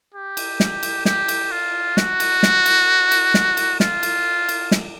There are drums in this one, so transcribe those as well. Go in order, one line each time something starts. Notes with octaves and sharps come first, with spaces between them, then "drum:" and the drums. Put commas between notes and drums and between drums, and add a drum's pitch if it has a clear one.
G4
drum: cymbal
drum: snare
drum: cymbal
G4, drum: snare
drum: cymbal
F4
F#4, drum: snare
drum: cymbal
drum: snare
drum: cymbal
drum: cymbal
drum: snare
drum: cymbal
F4, drum: snare
drum: cymbal
drum: cymbal
drum: snare